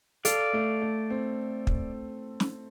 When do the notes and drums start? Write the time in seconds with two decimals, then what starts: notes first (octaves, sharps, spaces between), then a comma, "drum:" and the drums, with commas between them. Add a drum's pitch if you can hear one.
0.25 A4 D5 F5, drum: hi-hat
0.53 A3
0.82 A3
1.10 C4
1.67 drum: kick
2.40 drum: snare